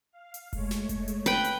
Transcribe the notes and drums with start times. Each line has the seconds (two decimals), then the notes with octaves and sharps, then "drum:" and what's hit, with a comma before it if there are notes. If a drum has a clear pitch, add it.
0.11 F5
0.34 drum: hi-hat
0.53 G#3 A3 C#5, drum: kick F1, open hi-hat
0.71 drum: snare
0.89 drum: kick F1, hi-hat
1.08 drum: hi-hat
1.26 B4 G5, drum: hi-hat
1.44 drum: hi-hat